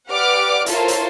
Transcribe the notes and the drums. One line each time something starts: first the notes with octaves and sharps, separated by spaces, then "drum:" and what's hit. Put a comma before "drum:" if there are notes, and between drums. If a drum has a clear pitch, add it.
G4 B4 D5 F#5 D6 F6
E4 F4 A4 A#4 C5 C#5, drum: hi-hat
drum: hi-hat